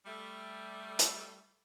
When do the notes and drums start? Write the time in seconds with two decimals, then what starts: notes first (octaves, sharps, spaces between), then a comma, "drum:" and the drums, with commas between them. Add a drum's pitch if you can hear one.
0.06 G3 A3
0.99 drum: hi-hat